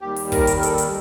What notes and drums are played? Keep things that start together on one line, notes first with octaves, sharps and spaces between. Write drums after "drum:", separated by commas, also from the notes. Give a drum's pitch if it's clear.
D#2 D#3 G3 G4
drum: open hi-hat
A#4, drum: kick, open hi-hat
drum: hi-hat
A#4
A4, drum: hi-hat
drum: hi-hat